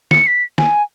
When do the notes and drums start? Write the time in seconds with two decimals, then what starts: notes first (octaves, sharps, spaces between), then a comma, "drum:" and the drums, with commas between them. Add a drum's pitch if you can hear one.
0.11 C#7, drum: snare
0.27 B6
0.58 G#5, drum: snare